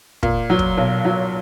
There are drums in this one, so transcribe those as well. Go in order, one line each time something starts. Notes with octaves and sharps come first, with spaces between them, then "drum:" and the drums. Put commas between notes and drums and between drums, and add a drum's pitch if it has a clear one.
A#2, drum: kick
F#3
drum: kick
B1
F#3